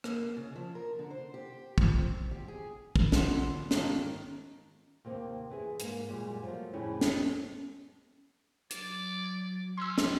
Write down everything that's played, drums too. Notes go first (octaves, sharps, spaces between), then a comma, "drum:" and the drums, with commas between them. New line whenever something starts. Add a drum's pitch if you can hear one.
A#3, drum: rim click
C#3
F3
A#4
D3
C5
G4
F3, drum: kick
C4
G4
G#4
drum: kick
F1 D2 F3 F#5 C6 E7, drum: snare
G#2 D#3 F4 A5, drum: snare
D#2 C3 A#3 C4
E3 E4 G#4
G#2 A#3, drum: hi-hat
F#2 A#2 G3 G#3
F3 F#3 A3 A#3
F2 A2 C#3 G3 C#4 E4
drum: snare
F#3 D5, drum: hi-hat
C#4 C6 E6
drum: snare